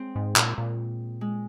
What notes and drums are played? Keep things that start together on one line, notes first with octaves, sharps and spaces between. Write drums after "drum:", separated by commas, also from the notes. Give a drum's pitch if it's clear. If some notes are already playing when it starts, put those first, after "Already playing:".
Already playing: G#3 C4
G#2
A#2, drum: clap
A#2
G#3